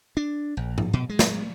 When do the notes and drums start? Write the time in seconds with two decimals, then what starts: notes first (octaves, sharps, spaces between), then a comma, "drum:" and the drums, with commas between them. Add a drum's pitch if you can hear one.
0.17 D4
0.57 A#1
0.78 drum: tom G#2
0.93 B2
1.09 G#3
1.19 drum: snare